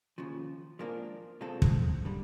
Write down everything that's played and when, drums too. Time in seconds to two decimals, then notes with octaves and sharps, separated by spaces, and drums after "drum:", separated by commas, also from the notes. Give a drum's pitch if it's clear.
0.18 D#2 C#3 F3
0.79 G#2 F3 A#3 D4
1.41 B2 G#3 C4 F4 A4
1.62 drum: kick
2.05 D3 G3